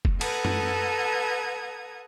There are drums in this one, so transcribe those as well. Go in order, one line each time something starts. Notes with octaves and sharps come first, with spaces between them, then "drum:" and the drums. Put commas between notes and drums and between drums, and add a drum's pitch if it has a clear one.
drum: kick F1
A4 B4 F#5 A#5 D#6 G#6, drum: cymbal
drum: tom